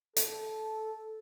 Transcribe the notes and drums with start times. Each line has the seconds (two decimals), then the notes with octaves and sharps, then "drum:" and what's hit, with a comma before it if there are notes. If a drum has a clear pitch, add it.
0.17 A4, drum: hi-hat